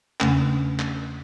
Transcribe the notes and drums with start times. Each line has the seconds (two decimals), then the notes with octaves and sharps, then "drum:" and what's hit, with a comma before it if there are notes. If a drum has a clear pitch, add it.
0.20 E2 C#3 A3 C#4, drum: clap
0.79 drum: clap